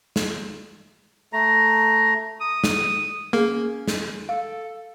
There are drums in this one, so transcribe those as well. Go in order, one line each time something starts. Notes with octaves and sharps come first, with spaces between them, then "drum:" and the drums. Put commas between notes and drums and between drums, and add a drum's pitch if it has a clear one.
drum: snare
A3 A#5
D#6
drum: snare
A#3 C#4 G#4
drum: snare
A4 F5